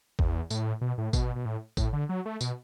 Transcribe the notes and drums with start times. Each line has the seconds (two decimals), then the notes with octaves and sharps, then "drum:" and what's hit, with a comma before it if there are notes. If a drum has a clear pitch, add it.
0.19 E2, drum: kick
0.50 A2, drum: tambourine
0.81 B2
0.98 A2
1.13 B2, drum: kick, tambourine
1.36 B2
1.45 A2
1.77 A2, drum: kick, tambourine
1.93 D3
2.09 F#3
2.26 A3
2.41 B2, drum: tambourine